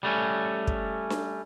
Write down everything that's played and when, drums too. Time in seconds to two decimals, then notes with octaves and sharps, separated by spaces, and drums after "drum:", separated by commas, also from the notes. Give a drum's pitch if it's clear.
0.03 G3 A3 C#4
0.67 drum: kick
1.10 drum: snare D4